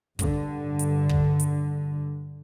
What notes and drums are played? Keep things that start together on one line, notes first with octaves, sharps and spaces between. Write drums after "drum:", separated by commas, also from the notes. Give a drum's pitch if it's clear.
G2 D3, drum: kick, hi-hat
drum: hi-hat
drum: kick
drum: hi-hat